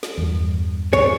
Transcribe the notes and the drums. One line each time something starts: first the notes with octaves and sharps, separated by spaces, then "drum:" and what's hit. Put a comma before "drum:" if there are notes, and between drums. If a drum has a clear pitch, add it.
drum: snare
E2 G2
C#5, drum: kick